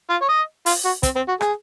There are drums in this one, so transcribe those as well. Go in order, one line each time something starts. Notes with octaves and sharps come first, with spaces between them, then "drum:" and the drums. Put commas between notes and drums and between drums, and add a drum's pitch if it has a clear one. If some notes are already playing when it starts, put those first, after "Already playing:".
F4
C#5
D#5
F4, drum: open hi-hat
F#4
C4, drum: kick, hi-hat
C4
F#4
G#4, drum: rim click